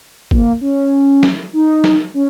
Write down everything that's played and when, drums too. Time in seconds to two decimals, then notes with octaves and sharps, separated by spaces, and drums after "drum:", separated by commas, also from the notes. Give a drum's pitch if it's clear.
0.31 A#3, drum: kick G1
0.61 C#4
1.23 drum: snare
1.53 D#4
1.84 drum: snare
2.14 C#4